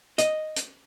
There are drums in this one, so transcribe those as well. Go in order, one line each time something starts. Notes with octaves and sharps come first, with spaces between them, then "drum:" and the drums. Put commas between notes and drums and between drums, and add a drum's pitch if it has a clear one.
D#5, drum: hi-hat
drum: hi-hat